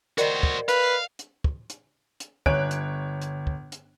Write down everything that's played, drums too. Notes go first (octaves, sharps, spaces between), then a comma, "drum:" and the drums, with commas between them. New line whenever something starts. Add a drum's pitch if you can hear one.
F#4 A#4 C5 D5 D#5, drum: hi-hat
drum: kick
B4 F5, drum: hi-hat
drum: hi-hat
drum: kick
drum: hi-hat
drum: hi-hat
G1 C#5 F#6 D7, drum: kick
drum: hi-hat
drum: hi-hat
drum: kick
drum: hi-hat